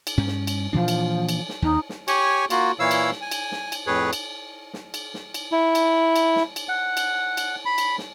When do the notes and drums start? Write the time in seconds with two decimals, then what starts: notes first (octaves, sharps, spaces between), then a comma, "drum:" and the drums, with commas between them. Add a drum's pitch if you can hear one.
0.07 drum: cymbal
0.18 G2 C#4
0.27 drum: snare
0.47 drum: cymbal
0.73 A#2 E3 F3 D4
0.88 drum: cymbal
1.29 drum: cymbal
1.49 drum: snare
1.62 D#2 D#4
1.89 drum: snare
2.08 G4 C#5 G#5 C#6, drum: cymbal
2.50 A#3 F4 F#4, drum: cymbal
2.79 A#2 E3 E4 C#5 F5 E6
2.91 drum: cymbal
3.11 drum: snare
3.21 G#5
3.31 drum: cymbal
3.52 drum: snare
3.72 drum: cymbal
3.87 F2 A2 G#4 B4 C#5
4.13 drum: cymbal
4.74 drum: snare
4.94 drum: cymbal
5.14 drum: snare
5.34 drum: cymbal
5.52 E4
5.75 drum: cymbal
6.16 drum: cymbal
6.36 drum: snare
6.56 drum: cymbal
6.69 F#5
6.97 drum: cymbal
7.37 drum: cymbal
7.65 B5
7.78 drum: cymbal
7.98 drum: snare